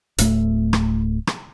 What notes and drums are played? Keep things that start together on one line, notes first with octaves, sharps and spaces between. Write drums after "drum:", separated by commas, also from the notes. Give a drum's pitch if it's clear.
D1 A2 A3, drum: hi-hat
drum: rim click
drum: rim click